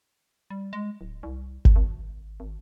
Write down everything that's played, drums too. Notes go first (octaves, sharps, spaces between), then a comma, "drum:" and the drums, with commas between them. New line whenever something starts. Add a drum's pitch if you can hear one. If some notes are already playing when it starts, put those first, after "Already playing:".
G3
G#3
D1
C2
drum: kick G#1
G#1
G#1